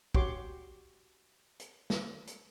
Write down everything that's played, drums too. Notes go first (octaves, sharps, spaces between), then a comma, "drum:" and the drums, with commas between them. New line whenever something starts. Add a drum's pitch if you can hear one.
F#4 G4 C#5 C6 D6, drum: kick
drum: hi-hat
drum: snare
drum: hi-hat